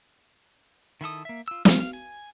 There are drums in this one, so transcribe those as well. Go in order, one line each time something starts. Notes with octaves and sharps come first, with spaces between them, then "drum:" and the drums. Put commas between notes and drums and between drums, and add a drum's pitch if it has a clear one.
D#3 E4 A4 D#6
A#3 E5
F4 E6
A#3 C#4 F5, drum: snare
F5
G#5